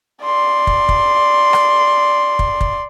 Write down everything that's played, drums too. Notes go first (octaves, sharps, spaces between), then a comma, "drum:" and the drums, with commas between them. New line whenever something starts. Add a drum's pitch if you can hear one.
D5 C6
drum: kick
drum: kick
drum: rim click
drum: kick
drum: kick